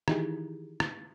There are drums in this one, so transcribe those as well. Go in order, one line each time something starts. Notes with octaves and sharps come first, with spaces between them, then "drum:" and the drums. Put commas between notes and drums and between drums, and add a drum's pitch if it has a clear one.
D#3 E3 D#4 E4 G4 G#4, drum: rim click
drum: rim click